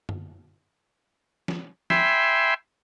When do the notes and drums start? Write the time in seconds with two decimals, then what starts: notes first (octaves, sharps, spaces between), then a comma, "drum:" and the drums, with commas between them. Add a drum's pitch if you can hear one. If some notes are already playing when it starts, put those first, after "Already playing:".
0.09 drum: tom
1.48 drum: snare
1.90 E5 G5 G#5 B5 C6, drum: snare